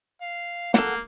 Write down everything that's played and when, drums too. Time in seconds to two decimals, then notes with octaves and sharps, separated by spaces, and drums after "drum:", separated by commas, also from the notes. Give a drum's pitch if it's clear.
0.22 F5
0.74 A#3 A4 F#5, drum: snare